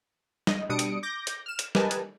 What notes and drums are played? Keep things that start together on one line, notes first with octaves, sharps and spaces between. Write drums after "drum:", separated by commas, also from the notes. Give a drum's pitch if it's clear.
D#5, drum: snare
B2 G3 D4 D#6 C#7 D7
drum: hi-hat
D6 G6 A#6
drum: hi-hat
F6 E7
drum: hi-hat
G4 A#4 B4 D#5 G#5 A5, drum: snare
drum: hi-hat